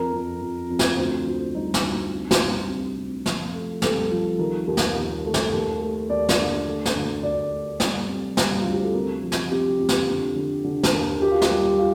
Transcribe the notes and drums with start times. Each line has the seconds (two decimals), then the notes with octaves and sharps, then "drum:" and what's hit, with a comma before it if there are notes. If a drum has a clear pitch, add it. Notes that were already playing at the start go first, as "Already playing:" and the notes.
Already playing: F2 A#4
0.13 F2
0.41 F2
0.70 F2
0.79 drum: snare
0.98 D2 C5
1.27 D2
1.55 G3 D#4
1.74 drum: snare
1.83 D2
2.12 C3
2.31 drum: snare
2.40 C2
2.69 C3
2.97 C3
3.26 F3 F4, drum: snare
3.53 A3
3.82 C2 A4, drum: snare
4.11 F3
4.39 D#3 A#4
4.68 D#2
4.77 drum: snare
4.96 D#2
5.25 A3
5.34 drum: snare
5.53 D#2
5.81 A3
6.10 D#2 D5
6.29 drum: snare
6.38 D3
6.67 A3
6.85 drum: snare
6.95 D2
7.23 D2 D5
7.52 A3
7.80 G3, drum: snare
8.08 C3
8.37 G3 C5, drum: snare
8.61 D2 F4
8.72 G4
8.83 A4
8.94 C3 A#4
9.22 F3
9.32 drum: snare
9.50 C3 G4
9.79 F2
9.89 drum: snare
10.08 D3
10.36 D3
10.64 D3
10.83 drum: snare
10.93 D#2
11.21 D#2 G4
11.31 F4
11.42 G4, drum: snare
11.50 G3
11.79 F4